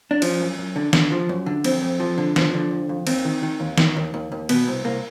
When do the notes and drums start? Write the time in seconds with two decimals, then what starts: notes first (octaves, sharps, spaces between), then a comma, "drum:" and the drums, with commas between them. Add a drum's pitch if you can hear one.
0.11 D4
0.22 F3 C#4, drum: cymbal
0.40 F#2
0.58 F#2
0.76 D3
0.93 D3, drum: snare
1.11 F3
1.29 F#2
1.46 D3
1.64 F2 C4, drum: cymbal
1.82 F2
2.00 F3
2.18 D3
2.36 F3, drum: snare
2.54 D3
2.71 F2
2.89 F2
3.07 D#2 C4, drum: cymbal
3.25 D#3
3.43 D#3
3.60 D#2
3.78 D#3, drum: snare
3.96 D#2
4.14 D#2
4.32 D#2
4.49 B2 B3, drum: cymbal
4.67 C2
4.85 C2 A#3